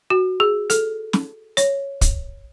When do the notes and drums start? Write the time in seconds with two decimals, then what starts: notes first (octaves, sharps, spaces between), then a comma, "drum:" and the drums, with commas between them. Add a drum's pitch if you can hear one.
0.10 F#4
0.40 G#4
0.70 A4, drum: hi-hat
1.13 drum: snare
1.57 C#5, drum: hi-hat
2.01 drum: kick, hi-hat